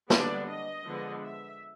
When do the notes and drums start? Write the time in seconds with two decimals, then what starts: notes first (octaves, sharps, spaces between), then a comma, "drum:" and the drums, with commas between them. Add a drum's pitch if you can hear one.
0.10 D3 G3 B3 D4 D5, drum: snare
0.49 D#5
0.86 D3 F3 G#3 B3
1.25 E5